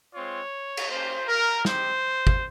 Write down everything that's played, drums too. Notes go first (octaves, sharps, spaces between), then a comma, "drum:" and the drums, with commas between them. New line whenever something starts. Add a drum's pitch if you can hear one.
G#3 C4 F4 C#5
drum: cymbal
A#3 C#4 G4 C5
A#4
C4 D#4 G4 C5, drum: snare
drum: kick